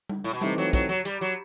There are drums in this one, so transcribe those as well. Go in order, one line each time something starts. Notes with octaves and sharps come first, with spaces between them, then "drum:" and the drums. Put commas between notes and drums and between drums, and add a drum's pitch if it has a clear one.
drum: tom G3
A2
B2
C3 E3 A3 C4 D#4, drum: tom G3
F#3
F#3, drum: kick, hi-hat
F#3
G3, drum: hi-hat
F#3